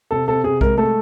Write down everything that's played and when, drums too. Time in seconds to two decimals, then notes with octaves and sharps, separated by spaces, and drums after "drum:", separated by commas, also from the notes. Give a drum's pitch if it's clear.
0.11 C3 A4
0.28 C3 A4
0.44 C3 G#4
0.61 G#3 A#4, drum: kick B1
0.78 A3 A4